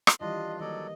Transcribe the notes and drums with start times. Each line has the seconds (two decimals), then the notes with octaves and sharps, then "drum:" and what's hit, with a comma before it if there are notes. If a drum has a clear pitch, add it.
0.07 drum: rim click
0.21 D#3 E3 G3 D4 F4 D#5
0.60 D#3 F#3 A#3 A4 D5 D#5